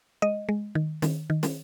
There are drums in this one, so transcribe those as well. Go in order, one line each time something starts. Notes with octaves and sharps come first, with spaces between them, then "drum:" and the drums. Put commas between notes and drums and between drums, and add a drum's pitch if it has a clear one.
G#3 D#5
G#3
D#3
D#3, drum: snare
D#3
drum: snare